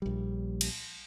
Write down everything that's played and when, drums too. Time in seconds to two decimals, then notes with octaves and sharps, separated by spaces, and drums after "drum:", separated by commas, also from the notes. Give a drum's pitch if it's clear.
0.02 A#1 G3
0.61 drum: cymbal